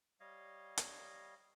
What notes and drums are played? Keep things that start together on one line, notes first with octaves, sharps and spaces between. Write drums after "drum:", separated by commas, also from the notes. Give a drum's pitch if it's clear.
G3 C#5 D#5 F5
drum: hi-hat